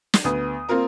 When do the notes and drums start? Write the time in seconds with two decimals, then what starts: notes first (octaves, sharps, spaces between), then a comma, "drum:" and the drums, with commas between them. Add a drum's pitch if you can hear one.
0.14 drum: snare
0.24 D2 B3 D#6
0.69 A#3 C4 F4 A#4 A#5